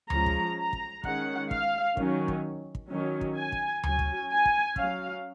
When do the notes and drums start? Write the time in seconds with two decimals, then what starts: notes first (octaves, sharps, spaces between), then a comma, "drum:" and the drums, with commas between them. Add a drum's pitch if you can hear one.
0.10 F3 G#3 C#4 A#5, drum: tom D2
0.26 drum: kick
0.58 A#5
0.73 drum: kick
1.04 D#3 G#3 C#4 F#5, drum: kick
1.51 F5, drum: kick
1.97 D#3 F#3 C#4, drum: kick
2.28 drum: kick
2.75 drum: kick
2.90 D#3 F#3 C#4
3.21 drum: kick
3.37 G#5
3.52 drum: kick
3.83 F#3 C#4 G#5, drum: tom D2
3.99 drum: kick
4.30 G#5
4.45 drum: kick
4.76 F#3 C#4 F5, drum: kick